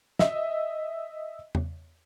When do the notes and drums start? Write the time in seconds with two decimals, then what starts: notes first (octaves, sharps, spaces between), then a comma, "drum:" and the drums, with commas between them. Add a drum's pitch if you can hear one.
0.19 D#5 E5, drum: snare
1.55 drum: tom E2